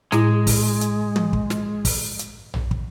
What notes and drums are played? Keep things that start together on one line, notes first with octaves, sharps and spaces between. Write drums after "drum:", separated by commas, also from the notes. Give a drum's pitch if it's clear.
A2 G#3 E4, drum: snare
drum: kick, open hi-hat
drum: hi-hat
drum: tom
drum: kick
drum: snare
drum: kick, open hi-hat
drum: hi-hat
drum: tom A#1
drum: kick